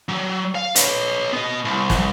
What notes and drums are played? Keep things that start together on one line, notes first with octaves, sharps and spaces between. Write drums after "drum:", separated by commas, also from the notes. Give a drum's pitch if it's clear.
F#3
F5
B4 C#5, drum: hi-hat
B3 D#5
C2
drum: snare